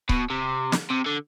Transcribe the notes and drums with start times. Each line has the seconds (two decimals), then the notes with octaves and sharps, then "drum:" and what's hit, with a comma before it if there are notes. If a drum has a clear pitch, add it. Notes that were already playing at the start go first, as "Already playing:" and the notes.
0.09 B2, drum: kick C#1
0.30 C3
0.72 drum: snare
0.90 C3
1.06 D3